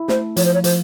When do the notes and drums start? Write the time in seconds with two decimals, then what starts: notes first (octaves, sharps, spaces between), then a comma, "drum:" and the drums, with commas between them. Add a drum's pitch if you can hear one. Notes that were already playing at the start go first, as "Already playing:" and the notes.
Already playing: E4
0.08 A3 C5, drum: snare
0.37 F3 C#5, drum: hi-hat
0.45 C5
0.54 C#5
0.64 F3 C5, drum: hi-hat